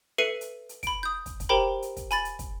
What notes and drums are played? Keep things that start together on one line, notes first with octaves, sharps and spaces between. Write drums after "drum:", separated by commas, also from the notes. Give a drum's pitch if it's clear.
A4 B4 E5 C7 C#7 D#7
drum: hi-hat
drum: hi-hat
B5 D7, drum: kick, hi-hat
D#6 G6
drum: kick, hi-hat
drum: kick, hi-hat
G4 A#4 C5 G5 A#5 B5
drum: hi-hat
drum: kick, hi-hat
G#5 B5 A6, drum: hi-hat
drum: hi-hat
drum: kick, hi-hat